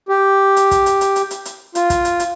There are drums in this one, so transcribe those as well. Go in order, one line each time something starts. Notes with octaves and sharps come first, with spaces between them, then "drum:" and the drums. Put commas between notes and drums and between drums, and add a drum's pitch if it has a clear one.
G4
drum: hi-hat
drum: kick, hi-hat
drum: hi-hat
drum: hi-hat
drum: hi-hat
drum: hi-hat
drum: hi-hat
F4, drum: hi-hat
drum: kick, hi-hat
drum: hi-hat
drum: hi-hat